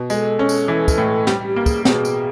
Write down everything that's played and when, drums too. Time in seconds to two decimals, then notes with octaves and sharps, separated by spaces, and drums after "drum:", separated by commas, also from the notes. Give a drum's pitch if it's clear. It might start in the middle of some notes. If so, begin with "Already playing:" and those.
Already playing: B2
0.10 G#3 A4, drum: tambourine
0.39 C#4
0.49 drum: tambourine
0.68 E3
0.88 drum: kick, tambourine
0.98 A2
1.27 G3 G4, drum: snare
1.47 G4
1.56 A#3
1.66 G#4, drum: kick, tambourine
1.85 B2 G#4, drum: snare
2.05 drum: tambourine